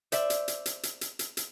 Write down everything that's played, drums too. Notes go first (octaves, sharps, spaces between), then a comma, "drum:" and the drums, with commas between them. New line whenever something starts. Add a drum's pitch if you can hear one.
C5 D5 E5, drum: hi-hat
drum: hi-hat
drum: hi-hat
drum: hi-hat
drum: hi-hat
drum: hi-hat
drum: hi-hat
drum: hi-hat